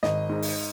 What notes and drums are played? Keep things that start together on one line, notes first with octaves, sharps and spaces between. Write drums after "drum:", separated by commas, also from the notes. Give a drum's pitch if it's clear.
G#1 D#5, drum: snare
G#2
drum: open hi-hat